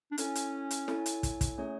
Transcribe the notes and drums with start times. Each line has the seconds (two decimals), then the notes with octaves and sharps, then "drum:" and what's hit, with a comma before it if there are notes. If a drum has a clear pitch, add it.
0.11 D4
0.18 C#4 E4 A4 C#5 G#5, drum: hi-hat
0.35 drum: hi-hat
0.71 drum: hi-hat
0.88 E4 A4 C#5 G#5, drum: snare
1.06 drum: hi-hat
1.23 drum: kick, hi-hat
1.41 drum: kick, hi-hat
1.58 A3 C#4 G#4 C#5